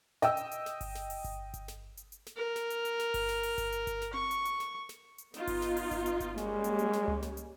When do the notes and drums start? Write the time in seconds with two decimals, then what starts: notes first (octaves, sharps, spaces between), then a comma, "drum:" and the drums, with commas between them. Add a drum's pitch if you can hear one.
0.22 D#5 G5 E6, drum: snare
0.37 drum: hi-hat
0.51 drum: hi-hat
0.66 drum: snare
0.81 drum: kick G1, open hi-hat
0.95 drum: snare
1.10 drum: open hi-hat
1.24 drum: kick G1, hi-hat
1.54 drum: kick G1, hi-hat
1.68 drum: snare
1.97 drum: hi-hat
2.12 drum: hi-hat
2.27 drum: snare
2.36 A#4
2.56 drum: snare
2.70 drum: hi-hat
2.85 drum: hi-hat
2.99 drum: snare
3.14 drum: kick G1, open hi-hat
3.29 drum: snare
3.43 drum: open hi-hat
3.58 drum: kick G1, hi-hat
3.72 drum: hi-hat
3.87 drum: kick G1, hi-hat
4.02 drum: snare
4.14 C#6, drum: tom C4
4.31 drum: hi-hat
4.45 drum: hi-hat
4.60 drum: snare
4.89 drum: snare
5.18 drum: hi-hat
5.34 B3 D#4 F4, drum: snare
5.47 drum: kick G1, open hi-hat
5.62 drum: snare
5.77 drum: open hi-hat
5.91 drum: kick G1, hi-hat
6.06 drum: hi-hat
6.20 drum: kick G1, hi-hat
6.38 G3 G#3 A#3 C#4, drum: snare
6.64 drum: hi-hat
6.79 drum: hi-hat
6.93 drum: snare
7.08 drum: tom C#2
7.22 drum: snare
7.37 drum: hi-hat